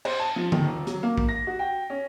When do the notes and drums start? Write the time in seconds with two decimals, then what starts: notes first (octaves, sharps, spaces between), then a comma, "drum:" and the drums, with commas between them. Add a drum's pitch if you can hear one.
0.05 C5, drum: cymbal
0.20 A5
0.36 F3
0.52 D#3, drum: tom D3
0.66 D#1
0.87 F#3, drum: hi-hat
1.03 A#3
1.18 drum: kick
1.29 A#6
1.47 F#4
1.59 G5
1.90 C#4